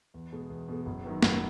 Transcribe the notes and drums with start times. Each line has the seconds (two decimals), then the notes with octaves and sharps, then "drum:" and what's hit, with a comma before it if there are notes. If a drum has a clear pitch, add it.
0.14 E2
0.32 B2 G#3
0.50 E2
0.68 B2 G#3
0.86 F#1
1.04 F#2 D#3 F#3 B3
1.23 F#1, drum: snare